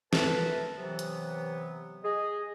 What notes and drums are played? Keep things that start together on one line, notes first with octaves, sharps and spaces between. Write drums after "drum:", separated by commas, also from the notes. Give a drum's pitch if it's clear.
A3 A#4 B4 A5, drum: snare
C3 E3 F#3 B3
drum: hi-hat
G#4 D#5